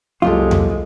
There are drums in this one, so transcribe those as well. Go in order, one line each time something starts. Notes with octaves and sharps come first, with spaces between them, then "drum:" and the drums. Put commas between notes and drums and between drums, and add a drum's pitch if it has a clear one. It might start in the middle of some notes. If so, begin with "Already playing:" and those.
F#1 C2 G#3 F4 G4 A4
drum: tom E2